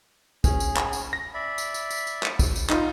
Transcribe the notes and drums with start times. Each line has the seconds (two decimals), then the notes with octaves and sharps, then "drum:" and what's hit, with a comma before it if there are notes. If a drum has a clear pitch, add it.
0.44 C#4 G#4, drum: kick, tambourine
0.60 drum: tambourine
0.77 drum: clap
0.93 drum: tambourine
1.13 A#6
1.34 D5 E5 B5
1.58 drum: tambourine
1.74 drum: tambourine
1.91 drum: tambourine
2.07 drum: tambourine
2.23 drum: clap
2.39 drum: kick, tambourine
2.56 drum: tambourine
2.69 D#4 F4, drum: clap